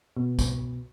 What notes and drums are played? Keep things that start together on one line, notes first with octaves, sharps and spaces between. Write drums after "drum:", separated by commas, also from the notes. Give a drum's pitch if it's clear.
B2
drum: kick, tambourine